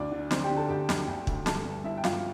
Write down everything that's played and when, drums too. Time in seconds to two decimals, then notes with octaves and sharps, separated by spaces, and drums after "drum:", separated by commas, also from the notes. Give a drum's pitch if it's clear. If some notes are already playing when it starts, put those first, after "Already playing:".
Already playing: D2 D4 D5
0.11 D3
0.31 D3 C4 C5, drum: snare
0.43 G4 G5
0.51 D3
0.57 A4 A5
0.69 D2 G4 G5
0.89 D2, drum: snare
1.07 D2
1.27 D2, drum: kick
1.46 G2 A4 A5, drum: snare
1.65 G2
1.84 G2 E4 E5
1.97 G5
2.04 G1 F4 F5, drum: snare